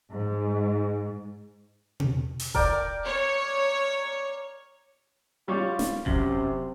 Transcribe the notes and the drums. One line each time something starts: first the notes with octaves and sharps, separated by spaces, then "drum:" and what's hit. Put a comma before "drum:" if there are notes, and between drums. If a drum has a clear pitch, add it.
G#2
drum: tom B2
drum: open hi-hat
A#4 D5 G5, drum: kick E1
C#5
G3 F4 C#5 D5
drum: snare
F#2 C3, drum: kick E1